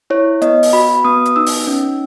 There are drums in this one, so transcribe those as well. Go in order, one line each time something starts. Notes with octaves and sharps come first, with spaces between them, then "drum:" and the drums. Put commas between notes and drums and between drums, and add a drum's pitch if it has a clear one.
E4 C#5
B3 D#5, drum: hi-hat
drum: open hi-hat
F#4 B5
B3 D#6
drum: hi-hat
D#4 E6
drum: open hi-hat
C#4